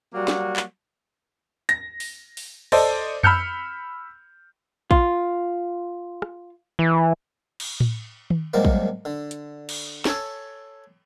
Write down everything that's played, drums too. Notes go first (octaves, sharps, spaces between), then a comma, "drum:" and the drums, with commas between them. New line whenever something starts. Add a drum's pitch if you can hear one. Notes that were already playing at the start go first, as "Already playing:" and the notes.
F#3 G3 A#3 F#4
drum: snare
drum: clap
A#6, drum: hi-hat
drum: open hi-hat
drum: open hi-hat
A4 C5 D5 D#5, drum: cymbal
B5 E6 F6 G6 C#7, drum: tom F2
F4, drum: kick
drum: rim click
E3
drum: cymbal
drum: tom A2
drum: tom D#3
C2 G#2 D#3 F#3 A#3 D5
drum: kick
D3
drum: hi-hat
drum: cymbal
A4 C#5 G#5 A5, drum: snare